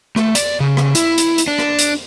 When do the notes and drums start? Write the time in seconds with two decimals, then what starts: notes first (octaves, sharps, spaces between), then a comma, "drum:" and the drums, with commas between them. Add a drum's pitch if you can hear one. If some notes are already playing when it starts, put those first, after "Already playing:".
0.16 A3, drum: rim click
0.35 D5, drum: hi-hat
0.60 C#3
0.77 drum: rim click
0.95 E4, drum: hi-hat
1.18 drum: hi-hat
1.38 drum: hi-hat
1.48 D4
1.58 drum: rim click
1.79 drum: hi-hat